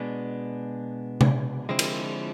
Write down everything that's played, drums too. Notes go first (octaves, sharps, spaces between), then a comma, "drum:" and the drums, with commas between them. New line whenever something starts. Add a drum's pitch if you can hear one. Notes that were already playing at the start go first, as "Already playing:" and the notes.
Already playing: B2 G#3 B3 D4
drum: tom C3
D3 F3 G#3 C4 E4
drum: cymbal